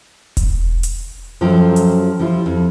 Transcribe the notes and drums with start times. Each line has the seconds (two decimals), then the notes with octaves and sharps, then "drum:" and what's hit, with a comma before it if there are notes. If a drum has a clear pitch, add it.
0.37 drum: kick E1, hi-hat
0.83 drum: hi-hat
1.41 F#2 F3 F#3 F4 A4 G5
1.76 drum: hi-hat
2.19 F3 G3 E4 F4
2.46 F2